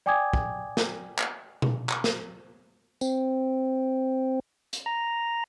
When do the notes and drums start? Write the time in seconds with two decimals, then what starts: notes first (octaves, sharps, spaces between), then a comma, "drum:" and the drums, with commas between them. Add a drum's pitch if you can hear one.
0.06 D5 G5 G#5 D6 D#6 G#6
0.33 drum: kick
0.77 drum: snare
1.19 drum: clap
1.62 drum: tom B2
1.89 drum: clap
2.04 drum: snare
3.01 C4, drum: tambourine
4.73 drum: hi-hat
4.86 A#5